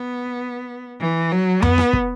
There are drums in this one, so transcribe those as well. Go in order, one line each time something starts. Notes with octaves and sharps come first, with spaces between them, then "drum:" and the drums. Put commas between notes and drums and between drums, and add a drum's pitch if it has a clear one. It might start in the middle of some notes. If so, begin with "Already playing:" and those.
Already playing: B3
E3
F#3
B3, drum: tom F2
drum: rim click
drum: kick